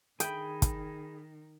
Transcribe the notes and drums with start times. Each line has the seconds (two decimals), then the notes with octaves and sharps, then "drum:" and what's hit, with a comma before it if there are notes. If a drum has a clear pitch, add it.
0.20 D#3 G#4 G5 B5, drum: hi-hat
0.62 drum: kick, hi-hat